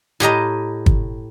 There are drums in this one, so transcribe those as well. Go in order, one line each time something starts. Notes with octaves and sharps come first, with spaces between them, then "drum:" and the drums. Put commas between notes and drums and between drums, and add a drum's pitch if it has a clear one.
A2 G4 D#5 A#5
drum: kick G1